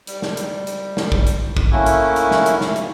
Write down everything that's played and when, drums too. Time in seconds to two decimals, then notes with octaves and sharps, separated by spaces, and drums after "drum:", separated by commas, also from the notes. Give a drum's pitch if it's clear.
0.07 G3, drum: hi-hat
0.22 drum: snare
0.37 drum: hi-hat
0.67 drum: hi-hat
0.97 drum: snare
1.12 drum: kick A#1
1.27 drum: hi-hat
1.57 drum: kick A#1
1.71 A3 A#3 C#4 E4 F#4
1.86 drum: hi-hat
2.16 drum: hi-hat
2.31 drum: snare
2.46 drum: hi-hat
2.61 drum: snare
2.76 drum: hi-hat